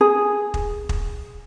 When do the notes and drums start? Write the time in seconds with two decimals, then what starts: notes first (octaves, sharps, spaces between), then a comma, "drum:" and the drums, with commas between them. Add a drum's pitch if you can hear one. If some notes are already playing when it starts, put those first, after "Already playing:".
0.01 G#4
0.54 drum: kick
0.89 drum: kick